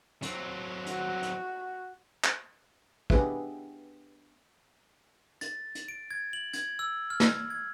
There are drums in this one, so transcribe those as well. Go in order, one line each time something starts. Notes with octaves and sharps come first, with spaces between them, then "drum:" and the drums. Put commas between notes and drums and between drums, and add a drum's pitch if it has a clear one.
F#3 C4, drum: hi-hat
F#4, drum: hi-hat
drum: hi-hat
drum: clap
B3 D4 G4 G#4 B4 E5, drum: kick
A6, drum: hi-hat
drum: hi-hat
D7
G#6
F#7
G#6, drum: hi-hat
E6
F6
drum: snare
G#6